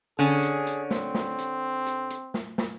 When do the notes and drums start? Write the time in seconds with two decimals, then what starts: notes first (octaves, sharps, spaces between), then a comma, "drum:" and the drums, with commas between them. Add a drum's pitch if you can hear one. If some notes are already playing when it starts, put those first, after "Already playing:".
0.19 D3 C#4 G#4, drum: hi-hat
0.43 drum: hi-hat
0.67 drum: hi-hat
0.91 C4, drum: snare
1.15 drum: snare
1.38 drum: hi-hat
1.86 drum: hi-hat
2.10 drum: hi-hat
2.34 drum: snare
2.58 drum: snare